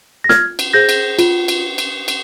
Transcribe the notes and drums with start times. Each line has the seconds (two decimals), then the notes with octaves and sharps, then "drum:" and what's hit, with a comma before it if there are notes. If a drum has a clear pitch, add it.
0.24 A#6
0.29 F4 F6 G#6, drum: snare
0.59 drum: cymbal
0.73 G#4 C5 G6 A#6
0.89 drum: cymbal
1.19 F4, drum: cymbal
1.48 drum: cymbal
1.78 drum: cymbal
2.08 drum: cymbal